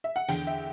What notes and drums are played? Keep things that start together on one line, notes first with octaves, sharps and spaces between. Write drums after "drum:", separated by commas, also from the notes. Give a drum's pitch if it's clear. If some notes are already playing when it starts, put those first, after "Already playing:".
E5
F#5
E2 D3 G5, drum: hi-hat
E5